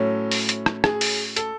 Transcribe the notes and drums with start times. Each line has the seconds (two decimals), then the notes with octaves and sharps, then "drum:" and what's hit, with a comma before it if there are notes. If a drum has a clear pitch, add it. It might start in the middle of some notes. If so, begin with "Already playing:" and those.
Already playing: A2 F#3 A3 C#4
0.31 drum: open hi-hat
0.49 drum: hi-hat
0.66 drum: rim click
0.84 G#4, drum: rim click
1.01 drum: open hi-hat
1.36 A4, drum: hi-hat